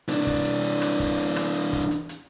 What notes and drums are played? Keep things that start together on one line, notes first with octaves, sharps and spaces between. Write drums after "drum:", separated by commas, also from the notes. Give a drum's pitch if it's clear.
E3 D4, drum: hi-hat
drum: kick, hi-hat
drum: hi-hat
drum: hi-hat
drum: rim click
drum: kick, hi-hat
drum: hi-hat
drum: rim click
drum: hi-hat
drum: kick, hi-hat
drum: hi-hat
drum: hi-hat